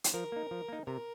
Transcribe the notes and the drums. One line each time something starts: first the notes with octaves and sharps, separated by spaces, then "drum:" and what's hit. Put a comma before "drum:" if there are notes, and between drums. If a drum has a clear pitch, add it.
drum: hi-hat
F3 A#4
A#3 D#4
F3
A#3 D#4
C3 A#4